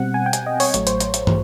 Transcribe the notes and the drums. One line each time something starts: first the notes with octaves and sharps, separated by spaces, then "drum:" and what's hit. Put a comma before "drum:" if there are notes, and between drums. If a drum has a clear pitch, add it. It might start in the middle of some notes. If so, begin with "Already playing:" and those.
Already playing: B2 G3 C4 F#5
G#5
G5
G#5, drum: hi-hat
D#5
C#5, drum: open hi-hat
A1 A2 F#3 A3 C#5, drum: hi-hat
C5, drum: hi-hat
drum: hi-hat
drum: hi-hat
drum: tom